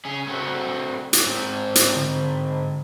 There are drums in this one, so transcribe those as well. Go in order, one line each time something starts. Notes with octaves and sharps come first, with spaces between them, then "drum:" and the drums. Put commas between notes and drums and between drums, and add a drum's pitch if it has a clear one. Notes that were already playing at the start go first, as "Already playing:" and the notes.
C#4 G#4
A3 C4 F#4
drum: hi-hat
G#2 C4
drum: hi-hat
D3